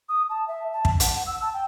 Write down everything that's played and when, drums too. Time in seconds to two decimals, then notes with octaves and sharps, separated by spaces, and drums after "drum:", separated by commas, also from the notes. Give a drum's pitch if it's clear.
0.09 D#6
0.30 A5
0.48 E5
0.73 A5
0.85 drum: kick
1.00 F#5, drum: hi-hat
1.15 F#5
1.26 E6
1.41 A5
1.53 G5